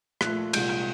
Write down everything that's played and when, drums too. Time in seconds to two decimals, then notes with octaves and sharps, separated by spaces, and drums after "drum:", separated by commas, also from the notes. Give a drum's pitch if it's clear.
0.21 A#2 F3 A3 F#6, drum: rim click
0.53 C2 A#2 F3 G#3 G6, drum: cymbal
0.69 G6